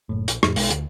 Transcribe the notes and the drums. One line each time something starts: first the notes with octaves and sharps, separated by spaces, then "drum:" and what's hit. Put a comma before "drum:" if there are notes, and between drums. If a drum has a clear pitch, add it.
F#1 A2
A#1, drum: hi-hat
F2 A2, drum: rim click
B1 G#3, drum: open hi-hat
D2, drum: hi-hat